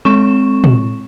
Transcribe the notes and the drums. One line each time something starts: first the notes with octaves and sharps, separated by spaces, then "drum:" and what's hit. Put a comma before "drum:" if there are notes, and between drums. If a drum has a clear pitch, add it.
G#3 C4 A4 C#6 E7
drum: tom